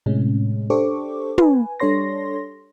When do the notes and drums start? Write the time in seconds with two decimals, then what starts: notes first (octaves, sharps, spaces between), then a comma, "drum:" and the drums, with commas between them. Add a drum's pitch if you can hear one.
0.06 A2 C3 G#3 C#4
0.70 D4 G4 A4 C5 C#6 D6
1.38 B4 G#5, drum: tom
1.80 G3 D4 A4 C#5 C6 A#6